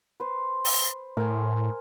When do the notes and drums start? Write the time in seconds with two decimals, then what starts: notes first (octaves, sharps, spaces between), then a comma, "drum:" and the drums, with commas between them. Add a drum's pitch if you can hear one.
0.20 B4 C5
0.65 drum: open hi-hat
1.17 A2 A#4 C5 G#5